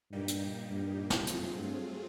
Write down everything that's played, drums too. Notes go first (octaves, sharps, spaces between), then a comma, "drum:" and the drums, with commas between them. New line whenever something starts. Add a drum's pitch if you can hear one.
G2 A#2 G3 A#3 D#4 G4
drum: hi-hat
G2
drum: snare
F2 F#3 A3 C4 F4 G#4, drum: hi-hat
G2